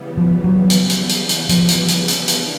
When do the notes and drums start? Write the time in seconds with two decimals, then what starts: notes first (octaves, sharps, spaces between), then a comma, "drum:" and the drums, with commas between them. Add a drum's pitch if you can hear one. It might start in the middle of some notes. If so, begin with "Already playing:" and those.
Already playing: C#3 E3 G3 B3
0.17 F3
0.44 F#3
0.70 drum: hi-hat
0.90 drum: hi-hat
1.09 drum: hi-hat
1.29 drum: hi-hat
1.49 F3, drum: hi-hat
1.69 drum: hi-hat
1.88 drum: hi-hat
2.08 drum: hi-hat
2.28 A#3 D4, drum: hi-hat